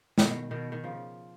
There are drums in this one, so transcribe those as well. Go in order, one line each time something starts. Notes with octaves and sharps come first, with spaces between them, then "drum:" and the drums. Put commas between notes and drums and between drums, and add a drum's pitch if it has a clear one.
B2 D#3, drum: snare
B2 D#3
D#3
C#3 F3